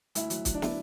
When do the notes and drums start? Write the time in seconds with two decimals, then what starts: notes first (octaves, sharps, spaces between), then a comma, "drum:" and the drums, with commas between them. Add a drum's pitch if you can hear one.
0.15 D2 E4, drum: hi-hat
0.30 F#3, drum: hi-hat
0.45 F#3, drum: kick, hi-hat
0.54 D4
0.62 E4, drum: snare